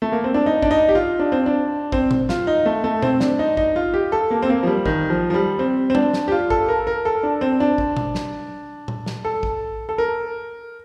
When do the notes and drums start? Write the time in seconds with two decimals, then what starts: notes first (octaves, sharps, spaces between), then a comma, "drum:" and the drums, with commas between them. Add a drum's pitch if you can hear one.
0.02 A3
0.12 A#3
0.24 C4
0.34 D4
0.46 D#4
0.62 D4, drum: kick A1
0.71 D#4
0.89 G4
0.95 F4
1.19 D4
1.32 C4
1.46 D4
1.92 C4, drum: kick A1
2.11 drum: tom B2
2.29 F4, drum: snare
2.47 D#4
2.66 A3
2.84 A3
3.02 C4, drum: tom B2
3.20 D4, drum: snare
3.39 D#4
3.57 D#4, drum: kick A1
3.76 F4
3.94 G4
4.12 A4
4.31 A#3
4.43 C4
4.49 A#3
4.63 F3
4.67 G3
4.86 D#3, drum: kick A1
5.10 F3
5.30 F3
5.34 G3
5.59 C4
5.90 C4
5.95 D4, drum: tom
6.13 drum: snare
6.28 G4
6.32 F4
6.50 A4, drum: kick A1
6.69 A#4
6.87 A#4
7.05 A4
7.23 D4
7.41 C4
7.60 D4
7.78 drum: kick A1
7.97 drum: tom B2
8.15 drum: snare
8.88 drum: tom A#2
9.06 drum: snare
9.25 A4
9.43 drum: kick A1
9.89 A4
9.98 A#4